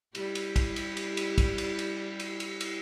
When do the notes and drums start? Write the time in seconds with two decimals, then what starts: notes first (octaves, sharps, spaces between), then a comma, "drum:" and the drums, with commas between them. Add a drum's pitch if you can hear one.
0.15 G3 E4 G4, drum: cymbal
0.35 drum: cymbal
0.56 drum: kick, cymbal
0.76 drum: cymbal
0.97 drum: cymbal
1.17 drum: cymbal
1.38 drum: kick, cymbal
1.58 drum: cymbal
1.79 drum: cymbal
2.20 drum: cymbal
2.40 drum: cymbal
2.61 drum: cymbal